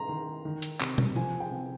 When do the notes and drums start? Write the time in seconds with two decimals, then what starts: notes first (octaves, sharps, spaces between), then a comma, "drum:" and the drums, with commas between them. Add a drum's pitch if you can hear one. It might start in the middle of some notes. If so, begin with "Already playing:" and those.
Already playing: G#3 A#5 C6
0.09 D#3
0.45 D#3
0.62 drum: hi-hat
0.80 C3, drum: clap
0.98 drum: tom
1.16 F3 G#5
1.40 G5
1.51 C3